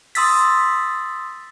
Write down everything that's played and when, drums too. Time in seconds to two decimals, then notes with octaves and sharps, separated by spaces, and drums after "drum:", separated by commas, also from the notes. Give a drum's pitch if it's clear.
0.15 C6 D#6 E6 A6 B6, drum: open hi-hat